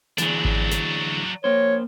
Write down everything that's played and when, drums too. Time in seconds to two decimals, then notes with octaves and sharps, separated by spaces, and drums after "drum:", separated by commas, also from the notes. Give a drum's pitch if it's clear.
0.18 D2 E3 F#3 D4 G#4, drum: snare
0.45 drum: kick G#1
0.71 drum: snare
1.44 A#3 C5 C#5